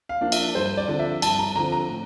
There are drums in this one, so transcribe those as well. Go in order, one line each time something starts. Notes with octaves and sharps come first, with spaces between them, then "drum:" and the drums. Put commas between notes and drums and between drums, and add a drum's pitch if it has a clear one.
F5
F3 A#3 D4
E5, drum: cymbal
G2 C5
D5
D3 F3 C4
E5
G2 A5, drum: cymbal
A#5
D3 F3 C4 A#5
A#5
A2